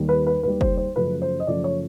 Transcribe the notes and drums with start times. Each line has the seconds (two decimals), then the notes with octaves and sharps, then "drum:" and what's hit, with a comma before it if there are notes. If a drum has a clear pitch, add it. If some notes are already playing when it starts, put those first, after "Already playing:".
Already playing: D#2 D#3 G3
0.09 B4
0.27 B4
0.43 D#2 D#3 G3 B4
0.61 C5, drum: kick
0.77 C5
0.96 F#2 C#3 F3 A3 B4
1.22 C5
1.40 D#5
1.47 F#2 C#3 F3 A3 D5
1.64 C#5